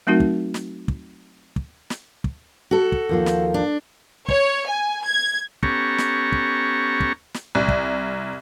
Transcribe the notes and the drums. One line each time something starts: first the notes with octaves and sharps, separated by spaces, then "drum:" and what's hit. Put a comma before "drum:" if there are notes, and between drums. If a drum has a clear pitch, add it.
F#3 A3 C4 D#4 F#4 A#4
drum: kick
drum: snare
drum: kick
drum: kick
drum: snare
drum: kick
F#4 A4
drum: kick
D#2 F3 F4
drum: snare
D4
C#5, drum: kick
G#5
G#6
B3 C#4 G4 A4 A#5 C#6, drum: kick
drum: snare
drum: kick
drum: kick
drum: snare
C2
drum: kick